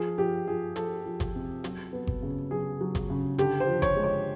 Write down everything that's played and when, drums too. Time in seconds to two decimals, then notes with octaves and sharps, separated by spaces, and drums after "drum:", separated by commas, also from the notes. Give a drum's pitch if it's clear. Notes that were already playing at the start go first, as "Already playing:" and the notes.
Already playing: F3 G#4
0.18 F3 G4
0.48 F3 G#4
0.76 F3 A4, drum: hi-hat
1.06 F3
1.20 drum: kick G1, hi-hat
1.35 C3
1.64 F#3, drum: hi-hat
1.93 B3
2.07 drum: kick G1
2.22 C#3
2.51 F#3 G#4
2.81 F#3
2.95 drum: kick G1, hi-hat
3.10 C#3
3.38 D3 G4, drum: hi-hat
3.60 C5
3.67 F3
3.82 C#5, drum: kick G1, hi-hat
3.96 G#3
4.04 C#5